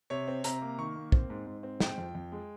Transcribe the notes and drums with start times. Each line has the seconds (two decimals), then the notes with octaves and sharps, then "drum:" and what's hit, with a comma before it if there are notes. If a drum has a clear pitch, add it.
0.10 C3 C#5
0.28 C4
0.44 C3 A#5, drum: hi-hat
0.61 A#3
0.78 D#3 C#6
0.96 A#3
1.12 C4, drum: kick
1.30 G#2
1.47 G#2
1.63 C4
1.80 G#3 G5, drum: snare
1.98 F2
2.15 F2
2.32 G#3